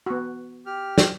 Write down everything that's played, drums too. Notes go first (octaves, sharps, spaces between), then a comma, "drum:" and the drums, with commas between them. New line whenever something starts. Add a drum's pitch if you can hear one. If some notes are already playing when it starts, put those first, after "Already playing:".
B3 F#4
G4 F6
drum: snare